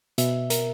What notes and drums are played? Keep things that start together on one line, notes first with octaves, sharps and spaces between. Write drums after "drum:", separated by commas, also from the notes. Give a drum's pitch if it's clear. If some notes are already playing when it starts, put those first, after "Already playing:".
B2 E5, drum: hi-hat
A#4, drum: hi-hat